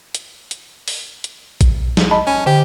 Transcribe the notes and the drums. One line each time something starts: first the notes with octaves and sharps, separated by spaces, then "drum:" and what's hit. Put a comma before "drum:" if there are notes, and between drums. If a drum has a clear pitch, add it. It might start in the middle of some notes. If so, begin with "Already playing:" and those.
drum: hi-hat
drum: hi-hat
drum: open hi-hat
drum: hi-hat
drum: kick A1, hi-hat
G#2, drum: snare
D#5 A5 B5
C#4
D3 G4